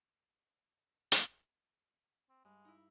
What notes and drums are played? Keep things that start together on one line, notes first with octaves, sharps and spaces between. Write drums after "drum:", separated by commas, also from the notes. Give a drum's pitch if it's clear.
drum: hi-hat
C4
G2 G#3
D#4 E4